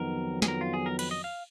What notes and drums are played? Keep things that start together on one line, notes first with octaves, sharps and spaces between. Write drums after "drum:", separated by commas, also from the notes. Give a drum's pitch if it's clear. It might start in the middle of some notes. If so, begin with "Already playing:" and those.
Already playing: F2 D#3 F#3 B3 A#4
G#4, drum: snare
A#4
F4
G#4
A#4
B4, drum: cymbal
D#5
F5